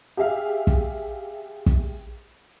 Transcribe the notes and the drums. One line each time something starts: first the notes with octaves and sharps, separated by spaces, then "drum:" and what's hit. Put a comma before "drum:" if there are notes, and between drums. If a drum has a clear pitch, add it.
G4 G#4 E5 F5
drum: kick
drum: kick